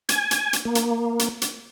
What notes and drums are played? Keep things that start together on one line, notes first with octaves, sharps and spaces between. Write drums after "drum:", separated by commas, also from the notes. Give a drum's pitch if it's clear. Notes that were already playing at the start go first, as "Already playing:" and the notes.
G#5, drum: hi-hat
drum: hi-hat
drum: hi-hat
A#3
drum: hi-hat
drum: hi-hat
drum: hi-hat